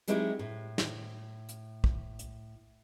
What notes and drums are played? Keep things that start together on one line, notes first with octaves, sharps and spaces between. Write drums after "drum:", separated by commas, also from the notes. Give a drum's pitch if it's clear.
F#3 G#3 C4 D#4 E4 G4, drum: hi-hat
A2
drum: snare
drum: hi-hat
drum: kick
drum: hi-hat